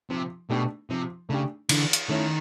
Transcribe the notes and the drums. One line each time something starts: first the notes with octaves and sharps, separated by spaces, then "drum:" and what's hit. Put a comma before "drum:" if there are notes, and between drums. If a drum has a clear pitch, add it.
C3 F3
B2 A3 D4 G4
C3 F3
C#3 A3 D4 G4
D3 E3, drum: cymbal
drum: hi-hat
D#3 A3 C#4 E4